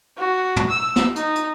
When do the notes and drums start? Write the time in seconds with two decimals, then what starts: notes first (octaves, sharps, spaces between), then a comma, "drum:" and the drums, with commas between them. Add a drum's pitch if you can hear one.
0.18 F#4
0.56 drum: tom
0.69 E6
0.96 drum: snare
1.16 D#4, drum: hi-hat
1.35 drum: hi-hat